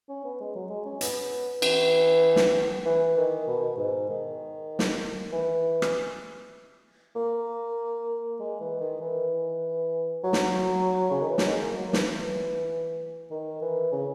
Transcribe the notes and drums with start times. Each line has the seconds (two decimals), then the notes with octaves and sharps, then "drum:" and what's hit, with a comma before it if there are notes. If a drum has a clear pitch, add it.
0.09 C#4
0.25 B3
0.40 G#3
0.56 F#3
0.70 G#3
0.86 C#4
1.01 B3, drum: hi-hat
1.62 E3, drum: cymbal
2.36 drum: snare
2.85 E3
3.17 D#3
3.47 B2
3.77 G#2
4.09 D#3
4.79 drum: snare
5.32 E3
5.82 drum: rim click
7.16 A#3
8.40 G#3
8.60 E3
8.81 D#3
9.01 E3
10.24 F#3
10.33 drum: snare
11.11 C#3
11.21 D#3
11.29 E3
11.38 F#3, drum: snare
11.47 G#3
11.61 A#3
11.77 F#3
11.93 E3, drum: snare
12.08 E3
13.31 D#3
13.62 E3
13.92 C#3